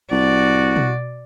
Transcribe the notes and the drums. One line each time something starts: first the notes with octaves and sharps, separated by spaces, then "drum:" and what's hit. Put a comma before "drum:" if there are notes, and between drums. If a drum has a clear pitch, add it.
C2 F#4 D5
drum: tom B2